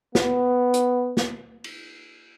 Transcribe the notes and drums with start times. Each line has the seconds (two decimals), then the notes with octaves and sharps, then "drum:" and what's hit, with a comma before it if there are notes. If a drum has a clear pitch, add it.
0.15 B3, drum: snare
0.74 drum: hi-hat
1.17 drum: snare
1.64 drum: cymbal